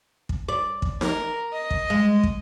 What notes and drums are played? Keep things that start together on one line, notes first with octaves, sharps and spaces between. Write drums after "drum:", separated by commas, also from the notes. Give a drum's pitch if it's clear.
drum: kick
D5
drum: kick
A#4, drum: snare D#4
D#5
drum: kick
G#3
drum: kick